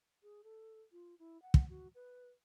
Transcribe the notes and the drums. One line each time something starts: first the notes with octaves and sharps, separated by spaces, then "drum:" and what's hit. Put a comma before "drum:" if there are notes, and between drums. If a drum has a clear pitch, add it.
G#4
A4
F4
E4
F#5
drum: kick
F#4
B4